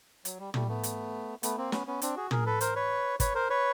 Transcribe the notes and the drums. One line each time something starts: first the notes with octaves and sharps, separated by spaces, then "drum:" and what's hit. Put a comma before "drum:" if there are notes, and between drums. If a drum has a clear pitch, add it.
F#3, drum: hi-hat
G3
G3 A3, drum: tom
A3 B3
drum: hi-hat
A3 B3, drum: hi-hat
A#3 C4
B3 C#4, drum: snare
B3 C#4
C4 D4, drum: hi-hat
F#4 G#4
G#4 A#4, drum: tom
A4 B4
A#4 C5, drum: hi-hat
B4 C#5
B4 C#5, drum: kick, hi-hat
A#4 C5
B4 C#5